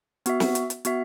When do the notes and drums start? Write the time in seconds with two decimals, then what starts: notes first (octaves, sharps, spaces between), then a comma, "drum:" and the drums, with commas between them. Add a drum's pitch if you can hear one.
0.26 B3 F#4 E5, drum: hi-hat
0.40 drum: snare
0.55 drum: hi-hat
0.70 drum: hi-hat
0.85 B3 F#4 E5, drum: hi-hat